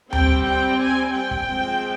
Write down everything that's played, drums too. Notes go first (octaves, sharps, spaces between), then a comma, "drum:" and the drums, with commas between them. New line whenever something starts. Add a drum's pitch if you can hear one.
G3 C4 G5, drum: tom D2
drum: kick
G5
G#5
G5
drum: kick
F3 G#3 C4